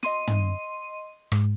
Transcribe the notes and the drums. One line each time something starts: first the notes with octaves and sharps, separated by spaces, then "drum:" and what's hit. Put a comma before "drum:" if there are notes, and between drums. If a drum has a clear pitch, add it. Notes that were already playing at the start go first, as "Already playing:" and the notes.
D#5 C6 D#7, drum: snare
drum: tom
G#2, drum: rim click